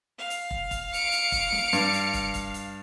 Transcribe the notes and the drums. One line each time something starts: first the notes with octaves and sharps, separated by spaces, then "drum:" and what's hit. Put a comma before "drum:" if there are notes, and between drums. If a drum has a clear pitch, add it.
F5
drum: hi-hat
drum: kick
drum: kick, hi-hat
C#7 D7, drum: hi-hat
drum: hi-hat
drum: kick, hi-hat
drum: snare
G2, drum: hi-hat
drum: hi-hat
drum: kick, hi-hat
drum: kick, hi-hat
drum: hi-hat